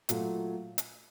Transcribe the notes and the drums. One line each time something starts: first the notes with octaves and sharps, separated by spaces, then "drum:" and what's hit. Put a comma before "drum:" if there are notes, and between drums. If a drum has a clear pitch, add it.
A#2 F#3 A3, drum: hi-hat
drum: hi-hat